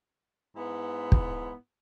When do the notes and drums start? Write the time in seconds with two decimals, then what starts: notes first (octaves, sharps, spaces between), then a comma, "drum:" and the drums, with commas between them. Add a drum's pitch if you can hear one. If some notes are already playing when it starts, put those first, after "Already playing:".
0.56 G#2 B3 E4
1.12 drum: kick